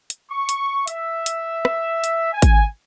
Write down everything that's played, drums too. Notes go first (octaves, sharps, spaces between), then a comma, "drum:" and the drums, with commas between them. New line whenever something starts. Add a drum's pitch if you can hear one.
drum: hi-hat
C#6
drum: hi-hat
E5, drum: hi-hat
drum: hi-hat
drum: rim click
drum: hi-hat
G#5
drum: kick G#1, hi-hat